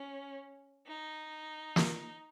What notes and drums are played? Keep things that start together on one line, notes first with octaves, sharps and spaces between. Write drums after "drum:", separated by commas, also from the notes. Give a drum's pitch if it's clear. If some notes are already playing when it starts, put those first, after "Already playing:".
Already playing: C#4
D#4
drum: snare